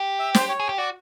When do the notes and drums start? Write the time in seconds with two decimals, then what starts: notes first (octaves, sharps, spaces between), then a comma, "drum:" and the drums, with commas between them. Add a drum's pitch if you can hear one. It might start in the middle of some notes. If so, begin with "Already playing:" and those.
Already playing: G4
0.19 E5
0.35 C5, drum: snare
0.49 C#5
0.60 G#4
0.69 G4
0.78 F#4 D5